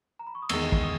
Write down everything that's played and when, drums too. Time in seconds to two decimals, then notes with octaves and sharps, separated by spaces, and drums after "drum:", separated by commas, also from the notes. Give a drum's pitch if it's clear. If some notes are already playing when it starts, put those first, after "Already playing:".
0.19 A#5
0.27 B5
0.35 C#6
0.42 D#6
0.49 E2 D#3 G#3 C#6 E6, drum: cymbal
0.72 drum: kick
0.83 D#6